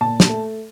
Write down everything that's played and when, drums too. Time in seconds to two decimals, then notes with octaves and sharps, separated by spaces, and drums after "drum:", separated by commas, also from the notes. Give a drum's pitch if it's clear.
0.01 A#2 A5
0.20 drum: snare
0.29 A3